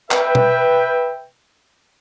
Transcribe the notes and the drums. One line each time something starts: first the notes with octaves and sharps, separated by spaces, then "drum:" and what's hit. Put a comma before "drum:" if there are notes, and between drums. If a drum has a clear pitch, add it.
B4 E5 G5, drum: clap
drum: tom B2